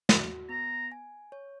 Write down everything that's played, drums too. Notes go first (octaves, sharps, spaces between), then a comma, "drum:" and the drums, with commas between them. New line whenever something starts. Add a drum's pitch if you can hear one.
F#4, drum: snare
B3 A#5
G#5
C#5